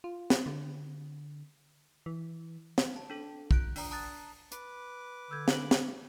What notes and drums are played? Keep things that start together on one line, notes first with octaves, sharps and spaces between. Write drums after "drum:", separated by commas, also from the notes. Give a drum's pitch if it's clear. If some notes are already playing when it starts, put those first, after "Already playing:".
F4
drum: snare
D3
E3
drum: snare
A5
D4 A4
F4 F#6 D7, drum: kick
D4 D5 A#5 D#6, drum: open hi-hat
A5 A#5 D#6 F#6 A6
B4 D6, drum: hi-hat
D3 E6 G6 G#6
D4 F#7, drum: snare
drum: snare